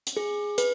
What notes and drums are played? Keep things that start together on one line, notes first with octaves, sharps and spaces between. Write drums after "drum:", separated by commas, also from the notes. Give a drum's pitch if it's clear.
drum: hi-hat
G#4
B4, drum: hi-hat